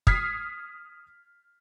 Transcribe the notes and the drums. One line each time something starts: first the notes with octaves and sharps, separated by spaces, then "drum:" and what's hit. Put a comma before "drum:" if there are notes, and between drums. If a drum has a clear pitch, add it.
D#6 F6 G#6 B6 C7, drum: kick